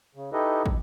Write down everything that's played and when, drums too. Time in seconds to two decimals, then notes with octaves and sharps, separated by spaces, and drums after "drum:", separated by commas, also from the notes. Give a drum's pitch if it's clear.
0.15 C#3
0.33 D#4 E4 G4 A4 B4 D#5
0.66 drum: kick